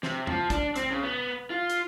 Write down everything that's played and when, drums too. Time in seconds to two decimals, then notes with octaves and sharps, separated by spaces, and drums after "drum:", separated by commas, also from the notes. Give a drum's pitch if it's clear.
0.03 C3, drum: snare
0.27 F3, drum: tom E2
0.50 D4, drum: kick, hi-hat
0.76 C4, drum: hi-hat
0.91 C#3
1.03 B3
1.50 F4
1.70 drum: hi-hat